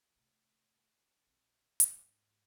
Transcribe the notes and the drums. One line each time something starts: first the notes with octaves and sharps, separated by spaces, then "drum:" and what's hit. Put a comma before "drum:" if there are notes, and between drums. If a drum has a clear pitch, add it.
C3 A3
A#1 C4
G#2, drum: hi-hat